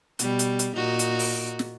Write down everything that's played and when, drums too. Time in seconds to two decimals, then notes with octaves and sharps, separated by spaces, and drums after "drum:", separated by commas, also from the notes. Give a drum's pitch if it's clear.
0.19 B2 G3, drum: hi-hat
0.39 drum: hi-hat
0.59 drum: hi-hat
0.76 A#2 D#4 F#4
0.99 drum: hi-hat
1.19 drum: open hi-hat
1.59 drum: snare